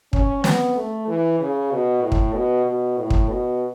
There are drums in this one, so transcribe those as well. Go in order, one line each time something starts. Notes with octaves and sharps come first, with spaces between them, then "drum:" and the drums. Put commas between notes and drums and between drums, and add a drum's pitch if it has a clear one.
C#4, drum: kick
B3, drum: snare
A3
E3
C#3
B2
A2
drum: kick
B2
B2
A2
drum: kick
B2